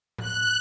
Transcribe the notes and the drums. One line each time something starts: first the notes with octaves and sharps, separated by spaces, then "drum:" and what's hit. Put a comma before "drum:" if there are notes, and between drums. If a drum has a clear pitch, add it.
F#6, drum: tom A2